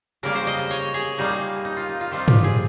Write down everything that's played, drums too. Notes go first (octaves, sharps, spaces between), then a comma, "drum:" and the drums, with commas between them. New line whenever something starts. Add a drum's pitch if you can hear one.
C#3 G3 A#3 A#4
C5
D#5
D#5
C#5
G#4
A#2 G3 A#3 D#4
D#4
F4
D#4
F4
D#3 G3 C4 D#4 F4
G4, drum: tom
G#4